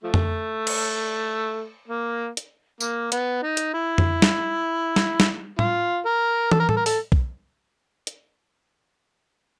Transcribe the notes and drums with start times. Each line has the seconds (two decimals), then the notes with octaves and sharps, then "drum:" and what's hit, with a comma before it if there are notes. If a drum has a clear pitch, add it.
0.03 F3 A3
0.14 drum: tom F2
0.67 drum: cymbal
1.88 A#3
2.37 drum: hi-hat
2.80 A#3, drum: tambourine
3.12 B3, drum: hi-hat
3.43 D#4
3.57 drum: hi-hat
3.74 E4
3.98 drum: tom F2
4.22 drum: snare
4.96 drum: snare
5.20 drum: snare
5.59 F4, drum: tom A2
6.05 A#4
6.52 A4, drum: tom
6.60 A#4
6.69 A4, drum: tom A2
6.77 A#4
6.86 A4, drum: open hi-hat
7.12 drum: kick B1
8.07 drum: hi-hat